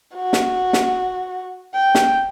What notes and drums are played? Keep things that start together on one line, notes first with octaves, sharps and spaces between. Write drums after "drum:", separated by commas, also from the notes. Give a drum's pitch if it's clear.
F#4
drum: snare
drum: snare
G5
drum: snare